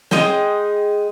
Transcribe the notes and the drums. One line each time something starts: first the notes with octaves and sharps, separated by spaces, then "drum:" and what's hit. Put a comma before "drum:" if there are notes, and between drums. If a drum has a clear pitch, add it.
G#3 D#4 G#4 G5, drum: snare